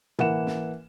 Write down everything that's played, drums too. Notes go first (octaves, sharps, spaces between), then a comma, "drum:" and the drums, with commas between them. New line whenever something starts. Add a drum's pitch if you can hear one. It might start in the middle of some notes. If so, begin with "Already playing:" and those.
E3 A#3 F#5 E7, drum: tom
drum: snare